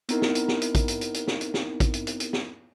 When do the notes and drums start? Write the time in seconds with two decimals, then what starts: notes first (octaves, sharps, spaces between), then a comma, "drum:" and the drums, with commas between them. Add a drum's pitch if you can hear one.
0.09 B3 C4 D#4 E4 A#4, drum: hi-hat
0.22 drum: snare
0.35 drum: hi-hat
0.48 drum: snare
0.61 drum: hi-hat
0.75 drum: kick A1, hi-hat
0.88 drum: hi-hat
1.01 drum: hi-hat
1.14 drum: hi-hat
1.28 drum: snare
1.41 drum: hi-hat
1.54 drum: snare
1.80 drum: kick A1, hi-hat
1.94 drum: hi-hat
2.07 drum: hi-hat
2.20 drum: hi-hat
2.33 drum: snare